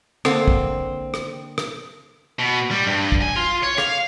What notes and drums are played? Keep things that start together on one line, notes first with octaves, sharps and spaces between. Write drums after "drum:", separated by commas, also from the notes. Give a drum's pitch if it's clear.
D3 A#3 C4, drum: rim click
drum: kick
drum: rim click
drum: rim click
B2
G3
G2
drum: kick
G#5
F4
C#5
F5, drum: rim click